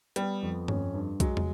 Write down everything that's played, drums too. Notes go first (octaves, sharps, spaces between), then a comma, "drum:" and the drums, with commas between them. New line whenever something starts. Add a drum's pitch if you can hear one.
G3 B3, drum: hi-hat
F2
C#4, drum: tom G2
G2
F#3 G#3, drum: kick B1, hi-hat
drum: tom